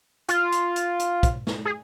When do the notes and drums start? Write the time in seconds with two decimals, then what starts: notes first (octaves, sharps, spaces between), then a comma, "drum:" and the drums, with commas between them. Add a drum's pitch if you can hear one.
0.29 F4, drum: hi-hat
0.52 drum: hi-hat
0.76 drum: hi-hat
1.00 drum: hi-hat
1.23 drum: kick, hi-hat
1.47 drum: snare
1.65 G#4